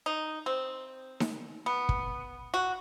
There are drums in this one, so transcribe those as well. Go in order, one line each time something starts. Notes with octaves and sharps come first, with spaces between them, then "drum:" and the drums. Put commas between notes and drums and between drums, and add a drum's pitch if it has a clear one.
D#4
C4
drum: snare D#4
B3
drum: kick
F#4